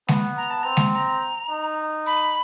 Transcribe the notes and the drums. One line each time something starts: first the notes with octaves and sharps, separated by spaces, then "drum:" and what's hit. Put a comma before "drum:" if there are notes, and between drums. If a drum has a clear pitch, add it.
B3, drum: snare
A#5
A5
C4 A#5
drum: snare
A#5
D#4
B5